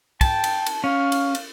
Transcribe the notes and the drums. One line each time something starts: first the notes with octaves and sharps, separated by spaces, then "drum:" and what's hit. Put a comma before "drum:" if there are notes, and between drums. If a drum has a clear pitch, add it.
G5 A5, drum: kick, cymbal
drum: cymbal
drum: cymbal
C#4 F5
drum: cymbal
drum: cymbal